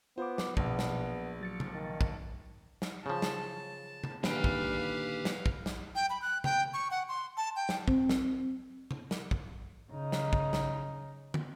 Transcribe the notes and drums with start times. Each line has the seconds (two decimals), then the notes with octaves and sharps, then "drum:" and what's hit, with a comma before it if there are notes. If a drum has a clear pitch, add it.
0.18 B3 F4 C5 D6
0.38 drum: snare
0.57 A#1 B2 B3, drum: kick
0.79 drum: snare
1.41 F#3 A6 C#7
1.60 drum: tom C3
1.72 D#3
2.01 drum: kick
2.82 drum: snare
3.06 C#3 F3 A5
3.22 drum: snare
4.04 drum: tom C3
4.24 A#2 D3 D#3 G4 B4 F5 B5, drum: snare
4.44 drum: kick
5.25 drum: snare
5.46 drum: kick
5.66 drum: snare
5.95 G5
6.10 B5
6.22 F#6
6.44 G5, drum: tom C3
6.74 C#6
6.91 F#5
7.09 C6
7.37 A5
7.56 G5
7.69 drum: snare
7.88 C4, drum: kick
8.09 drum: snare
8.91 drum: tom C3
9.11 drum: snare
9.31 drum: kick
9.92 C#3 D#4
10.12 drum: snare
10.33 drum: kick
10.53 drum: snare
11.34 drum: tom